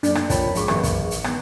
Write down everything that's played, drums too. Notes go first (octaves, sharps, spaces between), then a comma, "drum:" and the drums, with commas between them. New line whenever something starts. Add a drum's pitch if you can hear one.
F#2 A#3 D4, drum: hi-hat
drum: rim click
F2 F4 A#4 C#5 G5 A5 B5, drum: kick, hi-hat
G#2 F3 F4 G#4 B5 C#6 D6, drum: hi-hat
A1 F#2 A#3 B4 C#6, drum: rim click
drum: kick, hi-hat
drum: hi-hat
D#3 B3, drum: rim click